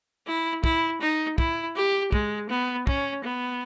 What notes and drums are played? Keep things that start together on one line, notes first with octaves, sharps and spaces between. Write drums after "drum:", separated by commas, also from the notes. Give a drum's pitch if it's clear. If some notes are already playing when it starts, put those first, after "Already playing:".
E4
E4, drum: kick
D#4
E4, drum: kick
G4
G#3, drum: kick
B3
C#4, drum: kick
B3